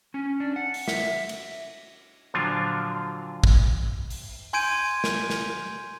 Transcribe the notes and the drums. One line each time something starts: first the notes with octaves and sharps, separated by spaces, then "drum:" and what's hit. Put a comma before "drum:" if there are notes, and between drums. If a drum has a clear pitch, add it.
C#4
D4
F#5
drum: open hi-hat
E5, drum: snare
drum: cymbal
A#2 D3 F3 F#3 D4 F4
drum: kick
drum: open hi-hat
G#5 C6 G6 G#6 D7 D#7, drum: open hi-hat
drum: snare
drum: snare